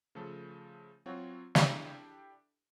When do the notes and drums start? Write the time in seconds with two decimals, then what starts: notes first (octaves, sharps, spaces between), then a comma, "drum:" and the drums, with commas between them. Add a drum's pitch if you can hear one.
0.15 C#3 F3 A3 A4
1.06 F#3 C4 F4 F#4 C#5
1.55 D4 E4 G4 A4, drum: snare